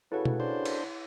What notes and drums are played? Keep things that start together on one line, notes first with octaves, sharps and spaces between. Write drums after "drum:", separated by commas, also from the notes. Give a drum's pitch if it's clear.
C#3 E4 F#4 A4 B4 C#5 F#5
drum: tom B2
D4 C5
drum: cymbal